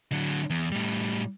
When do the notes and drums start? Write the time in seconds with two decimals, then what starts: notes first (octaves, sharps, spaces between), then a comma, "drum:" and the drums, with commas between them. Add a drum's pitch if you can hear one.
0.12 D3 F#3
0.30 drum: open hi-hat
0.50 E2
0.72 A2 G3